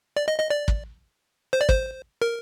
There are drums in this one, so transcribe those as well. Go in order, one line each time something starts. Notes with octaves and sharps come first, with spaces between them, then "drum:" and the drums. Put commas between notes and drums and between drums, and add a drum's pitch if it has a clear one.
D5
D#5
D#5
D5
drum: kick
C5
D5
C5, drum: kick
A#4